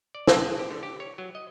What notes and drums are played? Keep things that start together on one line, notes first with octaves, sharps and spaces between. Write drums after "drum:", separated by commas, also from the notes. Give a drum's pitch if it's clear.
D5
B1, drum: snare
G#4
G4
D3
G4
C#5
F#3
D#5